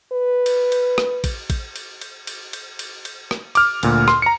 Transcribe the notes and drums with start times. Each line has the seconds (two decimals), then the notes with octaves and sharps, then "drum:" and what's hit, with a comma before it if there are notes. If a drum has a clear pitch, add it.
0.12 B4
0.46 drum: cymbal
0.72 drum: cymbal
0.98 drum: rim click
1.24 drum: kick, cymbal
1.50 drum: kick, cymbal
1.76 drum: cymbal
2.01 drum: cymbal
2.27 drum: cymbal
2.53 drum: cymbal
2.79 drum: cymbal
3.05 drum: cymbal
3.31 drum: rim click
3.55 D6 F6, drum: cymbal
3.83 D2 A#2, drum: cymbal
4.08 C6, drum: rim click
4.22 A#5 C#7